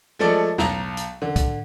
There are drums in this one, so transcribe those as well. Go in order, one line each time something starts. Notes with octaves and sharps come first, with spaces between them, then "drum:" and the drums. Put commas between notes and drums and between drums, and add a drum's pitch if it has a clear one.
F3 G#3 A3 A4 D5
B1 A#5, drum: snare
drum: hi-hat
D3
drum: kick, hi-hat